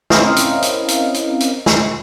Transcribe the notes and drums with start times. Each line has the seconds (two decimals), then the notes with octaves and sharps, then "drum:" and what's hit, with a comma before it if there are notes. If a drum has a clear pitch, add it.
0.10 C4 C#4 E4 A#4 D#5 F5, drum: snare
0.36 drum: hi-hat
0.62 drum: hi-hat
0.88 drum: hi-hat
1.14 drum: hi-hat
1.40 drum: hi-hat
1.66 drum: snare